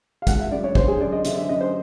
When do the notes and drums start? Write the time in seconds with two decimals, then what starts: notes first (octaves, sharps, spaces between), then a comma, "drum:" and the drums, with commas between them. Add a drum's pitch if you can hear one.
0.22 F5
0.27 G#1 F#5, drum: kick, hi-hat
0.40 E5
0.51 F#2 D5
0.64 C#5
0.75 D3 C5, drum: kick
0.88 G#4
1.00 F#2 D5
1.12 D#5
1.25 D3 E5, drum: hi-hat
1.37 E5
1.49 F#2 D#5
1.61 C5